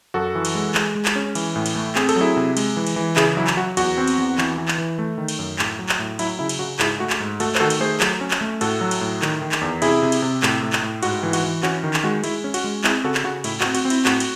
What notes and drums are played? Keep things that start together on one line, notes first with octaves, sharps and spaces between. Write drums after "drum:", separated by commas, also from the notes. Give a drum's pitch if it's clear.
F#2 F#4 A4
E3
drum: cymbal
G#3
G#3, drum: clap
G#3
drum: clap
C#4
E3, drum: cymbal
A2
drum: cymbal
A3
C4 G#4, drum: clap
A4, drum: cymbal
F#3
E4 G#4
C3
G#3, drum: cymbal
E3
drum: cymbal
E3
C#3 E4 G#4, drum: clap
F#3 E4
drum: clap
F#3 F#4
E2 F#4, drum: cymbal
C4
drum: cymbal
E2
E3, drum: clap
E3
drum: clap
E3
A3
D#3
drum: cymbal
F#2
A2, drum: clap
F#3
drum: clap
A2
F#3 E4, drum: cymbal
C#3 E4
drum: cymbal
C#3 F#4
G#2 E4 G#4, drum: clap
A3 F#4
drum: clap
G#2
A3 F#4 A4, drum: cymbal
C5, drum: clap
D#3 F#4 A4
drum: cymbal
A3 G#4 C5
F#3, drum: clap
C#4
drum: clap
A3
A2 F#4 A4, drum: cymbal
F#3
drum: cymbal
A2
D#3, drum: clap
D#3
drum: clap
E2
C3 E4 G#4, drum: cymbal
C3
drum: cymbal
C3
A2, drum: clap
A2
drum: clap
A2
G#2 F#4, drum: cymbal
E3
F#4, drum: cymbal
E3
C#4 F#4, drum: clap
D#3
drum: clap
G#3 F#4
G#3 E4, drum: cymbal
C#4
F#4, drum: cymbal
G#3
C4 E4 G#4, drum: clap
C#3 F#4 A4
drum: clap
C#3 F#4
A2 E4, drum: cymbal
F#4, drum: clap
C4
F#4, drum: cymbal
C4
E4, drum: cymbal
A2 F#4, drum: clap
drum: cymbal